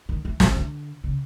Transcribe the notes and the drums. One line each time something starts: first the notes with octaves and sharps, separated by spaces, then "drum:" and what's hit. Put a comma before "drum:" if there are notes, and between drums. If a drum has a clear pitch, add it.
D#3
E3
D#3, drum: snare
D3
C#3